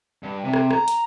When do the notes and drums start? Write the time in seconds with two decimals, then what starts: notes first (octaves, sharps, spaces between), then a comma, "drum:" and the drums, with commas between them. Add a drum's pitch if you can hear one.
0.23 G2
0.44 C3
0.53 drum: rim click
0.71 A#5, drum: rim click
0.88 drum: hi-hat